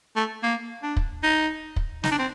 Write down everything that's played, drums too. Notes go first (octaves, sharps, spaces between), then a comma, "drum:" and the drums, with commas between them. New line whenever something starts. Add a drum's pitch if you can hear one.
A3
A#3
D4
drum: kick
D#4
drum: kick
D#4, drum: snare
D4
C4